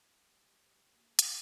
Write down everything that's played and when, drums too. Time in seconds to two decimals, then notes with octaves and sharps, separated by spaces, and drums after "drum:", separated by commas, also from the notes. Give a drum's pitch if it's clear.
0.20 G#3 G4
0.91 A#3 F#4 G#4
1.19 drum: hi-hat